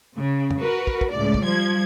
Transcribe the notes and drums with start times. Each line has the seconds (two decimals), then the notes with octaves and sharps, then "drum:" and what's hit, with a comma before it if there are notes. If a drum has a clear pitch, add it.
0.17 C#3
0.51 drum: tom
0.60 F#4 A#4 B4
0.87 drum: kick
1.01 drum: kick
1.11 C#2 A2 D5
1.34 drum: kick
1.43 F3 G3 G#6